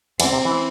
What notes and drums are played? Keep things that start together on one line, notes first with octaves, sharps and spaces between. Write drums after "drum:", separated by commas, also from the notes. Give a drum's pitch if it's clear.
E2 E3 C4, drum: cymbal
C3
E3